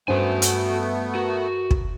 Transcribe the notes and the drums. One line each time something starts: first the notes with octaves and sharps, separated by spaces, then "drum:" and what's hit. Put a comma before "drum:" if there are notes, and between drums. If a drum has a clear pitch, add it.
G2 A3 B3 C#4 D4 F#4 C5 G#5
G3, drum: hi-hat
F#4 A#4
drum: kick